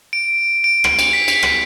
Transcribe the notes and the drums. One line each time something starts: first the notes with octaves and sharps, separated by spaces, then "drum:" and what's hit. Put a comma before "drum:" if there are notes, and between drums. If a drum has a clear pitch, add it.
D7
D7
drum: rim click
drum: cymbal
B6
drum: cymbal
drum: rim click